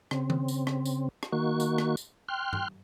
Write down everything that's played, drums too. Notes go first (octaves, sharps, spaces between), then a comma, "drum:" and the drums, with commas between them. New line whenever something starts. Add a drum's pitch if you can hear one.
C#3 C4, drum: rim click
drum: tom
drum: tambourine
drum: rim click
drum: tambourine
drum: rim click
D#3 A#3 F#4 C#6
drum: tambourine
drum: rim click
drum: tambourine
G5 C6 F6 F#6
drum: tom G2